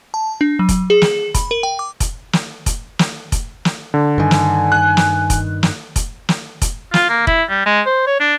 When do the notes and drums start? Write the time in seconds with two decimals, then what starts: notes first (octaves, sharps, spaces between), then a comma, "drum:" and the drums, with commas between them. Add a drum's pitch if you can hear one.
0.14 A5
0.41 D4
0.59 F#3
0.69 drum: kick F1, hi-hat
0.90 G#4
1.02 drum: snare
1.35 B5, drum: kick F1, hi-hat
1.51 A#4
1.63 G5
1.79 D6
2.00 drum: kick F1, hi-hat
2.33 drum: snare
2.66 drum: kick F1, hi-hat
2.99 drum: snare
3.32 drum: kick F1, hi-hat
3.65 drum: snare
3.94 D3
4.18 G2 D#3 G#5
4.31 drum: snare
4.72 F#6
4.97 drum: snare
5.30 drum: kick F1, hi-hat
5.63 drum: snare
5.96 drum: kick F1, hi-hat
6.29 drum: snare
6.62 drum: kick F1, hi-hat
6.94 F4, drum: snare
7.10 A#3
7.27 E4, drum: kick F1
7.49 G3
7.66 G#3
7.86 C5
8.07 C#5
8.20 D4